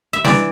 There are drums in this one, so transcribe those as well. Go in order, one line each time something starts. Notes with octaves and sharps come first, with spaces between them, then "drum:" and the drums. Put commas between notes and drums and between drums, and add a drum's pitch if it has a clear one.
E5
E3 D5, drum: snare